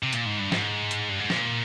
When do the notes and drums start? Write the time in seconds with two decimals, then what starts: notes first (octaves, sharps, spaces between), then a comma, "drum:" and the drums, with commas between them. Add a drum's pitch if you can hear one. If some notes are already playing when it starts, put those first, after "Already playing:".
0.03 C3
0.13 A#2, drum: hi-hat
0.26 G#2
0.39 G2
0.52 G#2, drum: snare
0.91 drum: hi-hat
1.09 G2
1.20 G#2
1.30 A#2, drum: snare